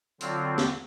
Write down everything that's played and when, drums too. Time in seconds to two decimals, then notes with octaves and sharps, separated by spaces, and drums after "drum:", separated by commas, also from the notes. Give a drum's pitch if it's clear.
0.21 D3 F#3 C4 F4, drum: hi-hat
0.58 drum: snare